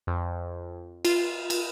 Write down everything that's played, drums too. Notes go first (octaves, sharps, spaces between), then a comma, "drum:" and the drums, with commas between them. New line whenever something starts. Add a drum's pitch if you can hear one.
F2
F4, drum: cymbal
drum: cymbal